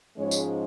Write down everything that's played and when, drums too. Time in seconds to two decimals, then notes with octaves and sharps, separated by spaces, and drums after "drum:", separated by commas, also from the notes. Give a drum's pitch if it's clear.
0.17 G#2 F3 G#3 C#4 C#5
0.31 drum: tambourine